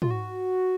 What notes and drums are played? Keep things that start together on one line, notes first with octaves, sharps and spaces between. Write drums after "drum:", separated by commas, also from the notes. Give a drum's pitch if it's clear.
F4, drum: tom
F#4